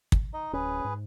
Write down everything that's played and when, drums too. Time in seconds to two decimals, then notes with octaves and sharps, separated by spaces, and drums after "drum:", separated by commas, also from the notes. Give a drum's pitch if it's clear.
0.12 drum: kick
0.33 D#4 D#5
0.53 D1 C#4 G#4 B4
0.84 G#2